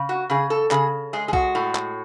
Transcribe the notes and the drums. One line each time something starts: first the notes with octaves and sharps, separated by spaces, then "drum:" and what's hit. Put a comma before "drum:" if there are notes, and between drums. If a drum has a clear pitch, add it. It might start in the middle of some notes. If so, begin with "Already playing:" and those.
Already playing: C#3
F#4
C#3 G#4
A4
C#3 G#4, drum: clap
G#3 G#4
G#4
F#4, drum: kick B1
A2
drum: clap